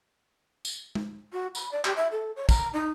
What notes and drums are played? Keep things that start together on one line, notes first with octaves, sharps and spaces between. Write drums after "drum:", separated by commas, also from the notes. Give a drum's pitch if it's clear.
drum: tambourine
drum: tom G#3
F#4
B5, drum: tambourine
D5
G4, drum: clap
E5
A4
C#5
A#5, drum: kick, tambourine
D#4